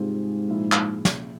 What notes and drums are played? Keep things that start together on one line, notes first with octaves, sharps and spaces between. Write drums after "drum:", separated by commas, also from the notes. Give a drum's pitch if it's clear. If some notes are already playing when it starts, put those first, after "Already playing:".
Already playing: G#2 C3 G3 C4 F4 G#4
A#2 F3 G#3 E4
drum: clap
drum: snare